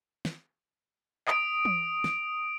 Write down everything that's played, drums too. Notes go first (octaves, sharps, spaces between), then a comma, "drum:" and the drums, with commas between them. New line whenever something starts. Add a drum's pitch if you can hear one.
drum: snare
D#6 D7, drum: clap
drum: tom
drum: snare